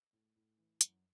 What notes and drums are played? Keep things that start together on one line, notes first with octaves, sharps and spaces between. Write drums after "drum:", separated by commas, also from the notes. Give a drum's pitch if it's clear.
A2
A2
E3
F#2, drum: hi-hat